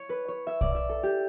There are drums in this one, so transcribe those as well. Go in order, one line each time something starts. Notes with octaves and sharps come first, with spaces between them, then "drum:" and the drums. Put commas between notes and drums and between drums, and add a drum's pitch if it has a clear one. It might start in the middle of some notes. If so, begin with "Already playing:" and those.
Already playing: C#5
B4
C#5
E5
D5, drum: kick
E5
A4
G4